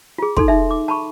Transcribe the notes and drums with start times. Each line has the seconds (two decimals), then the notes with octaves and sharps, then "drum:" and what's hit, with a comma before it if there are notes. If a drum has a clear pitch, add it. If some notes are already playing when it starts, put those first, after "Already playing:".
0.18 F4 G#4
0.37 D#4 A4 C6, drum: kick
0.48 D#4 E5
0.71 D6
0.88 A5 B5 C#6